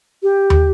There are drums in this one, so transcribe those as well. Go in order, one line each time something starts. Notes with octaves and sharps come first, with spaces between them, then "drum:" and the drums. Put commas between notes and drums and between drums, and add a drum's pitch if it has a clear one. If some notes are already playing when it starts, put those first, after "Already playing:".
G4
drum: tom D#2